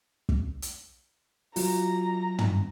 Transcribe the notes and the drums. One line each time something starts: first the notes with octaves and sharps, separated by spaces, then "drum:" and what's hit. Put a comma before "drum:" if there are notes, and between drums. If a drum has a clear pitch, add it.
drum: kick
drum: hi-hat
F#3 F4 A#5, drum: open hi-hat
drum: tom